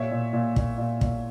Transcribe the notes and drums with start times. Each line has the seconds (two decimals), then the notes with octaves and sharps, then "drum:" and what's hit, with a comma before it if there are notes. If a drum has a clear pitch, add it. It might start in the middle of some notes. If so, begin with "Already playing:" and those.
Already playing: A#2 C#5 E5
0.11 A#2
0.33 A#2
0.56 A#2, drum: kick
0.78 A#2
1.01 A#2, drum: kick